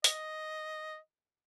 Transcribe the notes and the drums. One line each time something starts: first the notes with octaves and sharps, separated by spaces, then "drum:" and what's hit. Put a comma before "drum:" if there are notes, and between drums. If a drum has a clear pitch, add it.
D#5, drum: hi-hat